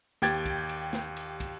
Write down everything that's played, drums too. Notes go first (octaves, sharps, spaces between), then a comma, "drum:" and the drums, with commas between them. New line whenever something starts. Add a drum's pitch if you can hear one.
D#2 G4 G5 G#6 A6, drum: snare
drum: kick, cymbal
drum: cymbal
drum: snare
drum: cymbal
drum: kick, cymbal